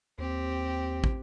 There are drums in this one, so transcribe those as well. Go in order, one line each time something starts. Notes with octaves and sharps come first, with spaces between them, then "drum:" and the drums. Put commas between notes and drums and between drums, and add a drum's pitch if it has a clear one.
D#2 C4 G4
drum: kick